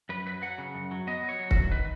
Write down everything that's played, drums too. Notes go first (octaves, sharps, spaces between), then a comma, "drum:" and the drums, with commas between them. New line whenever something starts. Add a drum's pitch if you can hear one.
F#2 B4
F#3 B4
F#3 F#5
C#3
F#2
F#3
B3 D#5
F#3
C#5
F#3
F#4, drum: kick C#1
F#2
D#3 B4